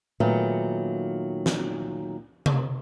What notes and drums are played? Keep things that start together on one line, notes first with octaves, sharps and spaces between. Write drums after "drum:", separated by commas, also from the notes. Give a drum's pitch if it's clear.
A#2 D#3 F#3 A3 B3
drum: snare
drum: tom C3